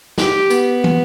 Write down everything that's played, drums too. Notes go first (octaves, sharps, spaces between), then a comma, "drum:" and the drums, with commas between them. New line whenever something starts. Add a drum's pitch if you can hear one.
G4, drum: snare
B3, drum: tambourine
drum: tom